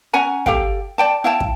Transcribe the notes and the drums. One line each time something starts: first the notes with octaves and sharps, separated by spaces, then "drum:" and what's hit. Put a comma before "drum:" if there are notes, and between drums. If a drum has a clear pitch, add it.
C#4 F#5 G#5 A#5
G4 A4 F5 G5, drum: kick
D5 G5 A5
E4 F5 G5 A5
drum: kick